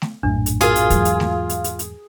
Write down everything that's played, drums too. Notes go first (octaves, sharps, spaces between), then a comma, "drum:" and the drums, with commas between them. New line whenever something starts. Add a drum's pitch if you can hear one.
drum: snare A3
A#1 F#2 A2 D4
drum: hi-hat
F4 F#4 G#4 A#4, drum: hi-hat
drum: hi-hat
E2 G#2 F#3, drum: kick, hi-hat
drum: hi-hat
drum: snare A3
drum: hi-hat
drum: hi-hat
drum: hi-hat